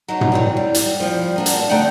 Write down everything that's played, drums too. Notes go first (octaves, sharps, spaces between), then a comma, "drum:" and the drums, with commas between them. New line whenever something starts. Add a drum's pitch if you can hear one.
F#3 D#4 C#5
drum: tom
E3 F#3 G3
G3
drum: hi-hat
F3 G3
A#3 D4 F#4
drum: hi-hat
D3 A3 D#4 D5 F#5 G5